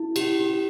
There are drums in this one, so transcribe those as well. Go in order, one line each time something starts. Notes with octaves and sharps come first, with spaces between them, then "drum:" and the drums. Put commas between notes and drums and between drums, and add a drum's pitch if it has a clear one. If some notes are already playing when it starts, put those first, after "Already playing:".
Already playing: E4
G4, drum: cymbal
G4